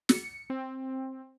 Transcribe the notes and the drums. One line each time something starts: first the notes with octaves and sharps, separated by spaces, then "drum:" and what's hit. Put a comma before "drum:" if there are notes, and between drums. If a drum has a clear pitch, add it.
C#7, drum: snare
C4